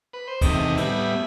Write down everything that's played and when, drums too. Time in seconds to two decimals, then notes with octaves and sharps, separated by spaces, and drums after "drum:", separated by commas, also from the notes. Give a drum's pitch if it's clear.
0.13 B4
0.27 C5
0.41 E2 C3 D#3 A3 D#5, drum: kick, cymbal
0.77 A2 G3 B3 E5, drum: cymbal